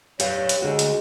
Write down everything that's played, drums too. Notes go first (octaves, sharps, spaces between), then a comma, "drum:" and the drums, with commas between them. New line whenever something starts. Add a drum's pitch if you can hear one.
G4 B4 C#5 F5, drum: hi-hat
drum: hi-hat
D3 G#3 F#4
drum: hi-hat